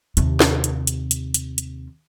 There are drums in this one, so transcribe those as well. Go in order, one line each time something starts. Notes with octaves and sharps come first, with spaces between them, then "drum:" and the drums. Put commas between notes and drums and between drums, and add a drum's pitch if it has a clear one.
D#2 C3, drum: hi-hat
drum: snare
drum: hi-hat
drum: hi-hat
drum: hi-hat
drum: hi-hat
drum: hi-hat